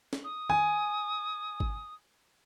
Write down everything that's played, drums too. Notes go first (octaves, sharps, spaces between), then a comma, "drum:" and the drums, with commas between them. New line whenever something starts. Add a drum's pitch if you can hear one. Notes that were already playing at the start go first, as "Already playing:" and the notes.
drum: snare
D#6
G#5, drum: tom D#3
drum: kick G#1